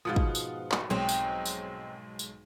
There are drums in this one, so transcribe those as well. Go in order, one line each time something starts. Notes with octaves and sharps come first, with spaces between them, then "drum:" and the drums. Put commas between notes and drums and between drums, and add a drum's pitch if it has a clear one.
G#2 B2 F3 F4 F#5 D#6
drum: kick
drum: tambourine
drum: clap
B1 G#3 C4 D#4 C#5
drum: tambourine
drum: tambourine
drum: tambourine